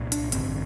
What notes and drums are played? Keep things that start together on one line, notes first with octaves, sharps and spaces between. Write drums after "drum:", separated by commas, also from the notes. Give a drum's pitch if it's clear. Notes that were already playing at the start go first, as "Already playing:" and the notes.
Already playing: C2 A#2
D4, drum: hi-hat
A1 G2 D3 C4, drum: hi-hat